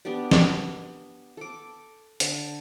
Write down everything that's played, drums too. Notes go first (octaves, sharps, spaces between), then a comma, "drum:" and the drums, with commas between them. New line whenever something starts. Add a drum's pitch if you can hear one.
B3 D4 G4 D5
drum: snare
A4 D6
D3, drum: hi-hat